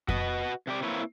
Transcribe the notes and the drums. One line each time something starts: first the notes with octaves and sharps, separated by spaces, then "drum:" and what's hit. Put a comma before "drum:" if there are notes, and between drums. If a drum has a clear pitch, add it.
F#4 B4 D#5, drum: kick F2
C3 G4 D5
A#3 C4 E4 B4 C#5